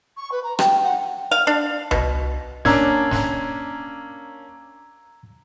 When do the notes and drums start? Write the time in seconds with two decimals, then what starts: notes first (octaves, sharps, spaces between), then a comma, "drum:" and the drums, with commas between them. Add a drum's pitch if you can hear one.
0.17 C#6
0.31 B4
0.43 A#5
0.59 G5, drum: rim click
0.83 F#5
1.31 F5
1.47 D4
1.91 B2, drum: tom C2
2.65 A#3 C#4 D4 A#5 E6 G#6, drum: snare
3.11 drum: snare